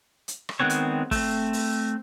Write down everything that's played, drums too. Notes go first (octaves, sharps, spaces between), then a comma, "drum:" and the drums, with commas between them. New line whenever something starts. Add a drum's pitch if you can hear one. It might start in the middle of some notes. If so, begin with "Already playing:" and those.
drum: hi-hat
drum: rim click
D#3 G#3 B3 C4 C#5
drum: hi-hat
A3 C4, drum: kick, open hi-hat
drum: open hi-hat